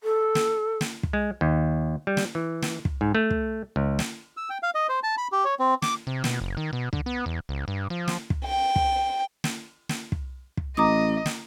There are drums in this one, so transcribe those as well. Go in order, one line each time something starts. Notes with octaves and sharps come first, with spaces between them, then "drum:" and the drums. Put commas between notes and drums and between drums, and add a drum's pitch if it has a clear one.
A4
drum: snare
drum: snare
drum: kick
G#3
D#2
G3
drum: snare
E3
drum: snare
drum: kick
G#2
A3
drum: kick
C#2
drum: snare
E6
G5
F5
D#5
C5
A5
B5
G4
C#5
C4
D6, drum: snare
C3
B2, drum: snare
F#1
D#3
B2
D3, drum: kick
B3
E2
C#2
G2
F3
drum: snare
drum: kick
G5
drum: kick
drum: snare
drum: snare
drum: kick
drum: kick
A1 D#5 A#5 D6 D#6
drum: snare